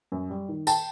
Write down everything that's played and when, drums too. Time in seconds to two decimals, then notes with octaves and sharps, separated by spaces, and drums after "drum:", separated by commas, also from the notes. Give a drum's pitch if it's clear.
0.12 F#2
0.30 G3
0.49 D#3
0.67 G5 A5, drum: tambourine